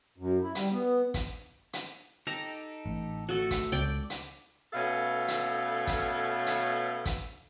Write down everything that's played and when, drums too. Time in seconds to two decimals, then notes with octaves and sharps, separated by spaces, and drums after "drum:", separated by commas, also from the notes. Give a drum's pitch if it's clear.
0.18 F#2
0.42 E4
0.55 G3, drum: hi-hat
0.71 B3
1.14 drum: kick, hi-hat
1.73 drum: hi-hat
2.27 D#4 G4 A4 A#5
2.86 A1
3.29 A3 F#4 A4
3.51 drum: kick, hi-hat
3.72 C#2 D5 G5
4.10 drum: hi-hat
4.73 B2 A3 C#4 A4 F5
5.28 drum: hi-hat
5.87 drum: kick, hi-hat
6.46 drum: hi-hat
7.06 drum: kick, hi-hat